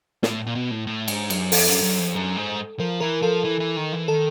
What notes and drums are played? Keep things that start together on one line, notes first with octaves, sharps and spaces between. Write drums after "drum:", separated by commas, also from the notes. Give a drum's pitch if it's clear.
A2, drum: snare
A#2
B2
A2
A2
G#2, drum: cymbal
F#2, drum: cymbal
F2 A4, drum: open hi-hat
F#2
F#2
F2
F#2
G#2
F3 A#4
E3 A#4
F3 A4
E3
E3
D#3
E3
D#3 A4